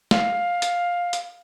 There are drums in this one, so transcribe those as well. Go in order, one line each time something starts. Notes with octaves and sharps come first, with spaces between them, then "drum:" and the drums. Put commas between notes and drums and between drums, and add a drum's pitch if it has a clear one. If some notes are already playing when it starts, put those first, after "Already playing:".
F5, drum: snare
drum: hi-hat
drum: hi-hat